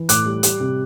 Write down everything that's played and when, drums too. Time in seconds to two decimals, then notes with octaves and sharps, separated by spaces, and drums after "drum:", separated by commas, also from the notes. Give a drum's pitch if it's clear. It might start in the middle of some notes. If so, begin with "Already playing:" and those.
Already playing: E3
0.09 A2 D6 F#6, drum: hi-hat
0.26 G3
0.43 G3, drum: hi-hat
0.60 C3